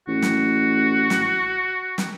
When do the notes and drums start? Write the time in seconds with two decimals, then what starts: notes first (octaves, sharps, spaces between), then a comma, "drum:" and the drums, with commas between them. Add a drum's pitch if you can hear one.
0.08 A1 F#4
0.22 drum: snare
1.10 drum: snare
1.98 drum: snare